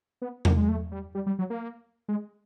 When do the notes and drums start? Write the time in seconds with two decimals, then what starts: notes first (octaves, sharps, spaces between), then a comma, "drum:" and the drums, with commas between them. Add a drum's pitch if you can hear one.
0.22 B3
0.45 A#3, drum: tom E2
0.57 G#3
0.69 A3
0.92 G3
1.15 G3
1.26 G3
1.39 F#3
1.50 A#3
2.08 G#3